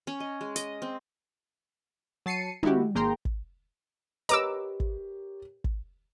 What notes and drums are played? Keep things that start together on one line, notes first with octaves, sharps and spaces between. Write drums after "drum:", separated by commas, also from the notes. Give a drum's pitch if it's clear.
C#4
D#5
G#3
D#5, drum: hi-hat
C4
F#3 A5 C7 C#7 D#7
D#3 G#3 E4 F#4 G4, drum: tom
G#1 A#3 G#4 G5 A#5 C6
drum: kick
G4 A#4 B4 C#5 D#5 A#5 D6 E6, drum: hi-hat
drum: kick
drum: kick